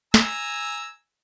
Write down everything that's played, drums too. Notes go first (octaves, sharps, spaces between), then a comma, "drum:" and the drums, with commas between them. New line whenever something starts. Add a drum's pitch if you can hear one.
G#5 A#5 E6, drum: snare